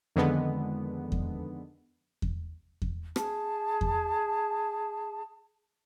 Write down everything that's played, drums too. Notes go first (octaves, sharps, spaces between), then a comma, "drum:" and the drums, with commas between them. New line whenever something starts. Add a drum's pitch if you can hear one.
F2 D3 D#3 G#3 B3
drum: kick E2
drum: kick E2
drum: kick E2
G#4 A5, drum: rim click
drum: kick E2